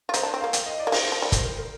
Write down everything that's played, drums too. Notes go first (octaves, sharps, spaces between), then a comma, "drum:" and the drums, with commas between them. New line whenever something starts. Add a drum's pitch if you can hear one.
F4
D#4 C5, drum: hi-hat
D4
C4
A#3 F5
G5, drum: hi-hat
D#5
D5
A#3
G#3 C5, drum: open hi-hat
C5
F3 A#4
G3
C5, drum: kick, hi-hat
A#4
A#4